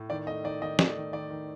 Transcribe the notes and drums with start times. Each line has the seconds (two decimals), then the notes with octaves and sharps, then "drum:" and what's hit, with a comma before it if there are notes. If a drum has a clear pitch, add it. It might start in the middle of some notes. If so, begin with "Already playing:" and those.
Already playing: A2
0.10 D#3 D5
0.27 A3 D#5
0.44 D#3 D5
0.62 D#3 D#5
0.79 A3 D5, drum: snare
0.96 D#3
1.13 D#3 D5
1.30 D#3